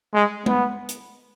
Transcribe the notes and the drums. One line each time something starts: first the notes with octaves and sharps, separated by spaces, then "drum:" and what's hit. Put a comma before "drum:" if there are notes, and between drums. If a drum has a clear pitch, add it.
G#3
B3, drum: tom G#3
drum: hi-hat